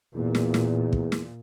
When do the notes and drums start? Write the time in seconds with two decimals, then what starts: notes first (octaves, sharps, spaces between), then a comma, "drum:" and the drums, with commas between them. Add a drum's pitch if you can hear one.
0.15 E2 A#2
0.35 drum: snare
0.54 drum: snare
0.93 drum: kick
1.12 drum: snare